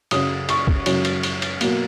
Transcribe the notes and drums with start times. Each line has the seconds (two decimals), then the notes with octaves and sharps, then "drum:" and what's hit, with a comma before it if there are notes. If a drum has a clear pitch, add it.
0.11 F#2 C#3 F#3 C#4 D#6, drum: cymbal
0.49 C#6, drum: cymbal
0.67 drum: kick
0.86 F#2 C#3 F#3 C#4, drum: cymbal
1.05 drum: cymbal
1.23 drum: cymbal
1.42 drum: cymbal
1.61 B2 F#3 A#3, drum: cymbal